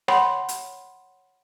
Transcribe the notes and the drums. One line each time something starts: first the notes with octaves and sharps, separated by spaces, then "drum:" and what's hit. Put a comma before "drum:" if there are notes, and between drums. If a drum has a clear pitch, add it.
C#5 F#5 B5 C6, drum: rim click
drum: hi-hat